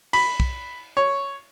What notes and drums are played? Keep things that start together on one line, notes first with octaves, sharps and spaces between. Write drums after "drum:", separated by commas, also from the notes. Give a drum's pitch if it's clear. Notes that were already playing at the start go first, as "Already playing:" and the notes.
B5, drum: cymbal
drum: kick
C#5